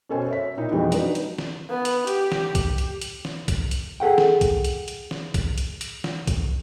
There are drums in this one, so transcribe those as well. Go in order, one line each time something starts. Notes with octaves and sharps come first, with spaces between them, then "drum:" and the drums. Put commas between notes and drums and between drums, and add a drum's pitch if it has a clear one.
B2 C#4 A4 C5 G#5
C#5 E5 B6
A#2 D#4 E4
F2 B2 E3 G3 G#3 B3
F#3 D4 D#4 B4, drum: hi-hat
drum: hi-hat
drum: snare
B3
drum: hi-hat
G4, drum: hi-hat
drum: snare
drum: kick, hi-hat
drum: hi-hat
drum: hi-hat
drum: snare
drum: kick, hi-hat
drum: hi-hat
G#4 A4 F#5 G5
drum: snare
drum: kick, hi-hat
drum: hi-hat
drum: hi-hat
drum: snare
drum: kick, hi-hat
drum: hi-hat
drum: hi-hat
drum: snare
drum: kick, hi-hat